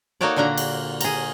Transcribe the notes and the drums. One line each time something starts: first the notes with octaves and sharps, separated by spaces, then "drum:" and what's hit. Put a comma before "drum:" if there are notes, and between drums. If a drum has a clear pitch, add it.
A#3 D#4 F#4 A4 C#5 D5
A#2 D3 A#3 F#4 A#5
drum: cymbal
G#4 A#5, drum: cymbal